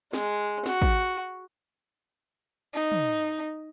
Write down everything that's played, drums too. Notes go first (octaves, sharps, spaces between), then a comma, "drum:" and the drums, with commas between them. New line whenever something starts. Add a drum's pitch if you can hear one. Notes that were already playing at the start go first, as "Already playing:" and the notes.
G#3, drum: snare
F#4, drum: snare
drum: kick
D#4
drum: tom